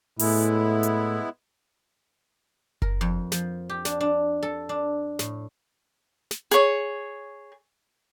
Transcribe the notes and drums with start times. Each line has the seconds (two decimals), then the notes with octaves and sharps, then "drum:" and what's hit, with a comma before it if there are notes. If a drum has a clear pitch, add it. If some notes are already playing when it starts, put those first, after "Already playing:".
0.19 A2 G#3 B3 E4, drum: open hi-hat
0.83 drum: hi-hat
2.82 A#4, drum: kick F#1
3.01 F2
3.32 F3, drum: snare
3.69 G4
3.85 D4, drum: snare
4.01 D4
4.43 A4
4.69 D4
5.19 A2, drum: snare
6.31 drum: snare
6.51 G#4 C#5, drum: hi-hat